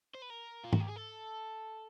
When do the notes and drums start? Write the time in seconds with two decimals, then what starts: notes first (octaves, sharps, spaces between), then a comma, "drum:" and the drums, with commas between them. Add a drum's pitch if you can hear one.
0.15 C5
0.22 B4
0.30 A#4
0.65 F4
0.73 F#4, drum: tom G#2
0.81 G4
0.89 G#4
0.96 A4